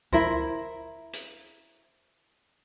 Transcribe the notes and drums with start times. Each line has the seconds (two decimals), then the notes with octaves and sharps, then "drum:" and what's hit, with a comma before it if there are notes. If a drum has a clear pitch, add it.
0.13 E4 A#4 C5, drum: kick C#2
1.13 drum: hi-hat